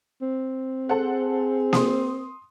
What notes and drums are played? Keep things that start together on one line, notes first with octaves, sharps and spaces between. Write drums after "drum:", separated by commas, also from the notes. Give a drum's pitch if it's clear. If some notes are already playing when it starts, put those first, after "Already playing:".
C4
G#4 A4 C5 F#5
C6 D#6, drum: snare A#3